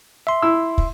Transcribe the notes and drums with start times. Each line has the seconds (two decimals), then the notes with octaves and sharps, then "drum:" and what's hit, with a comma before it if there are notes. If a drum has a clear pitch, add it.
0.27 E5 C6
0.42 E4 E6
0.78 drum: kick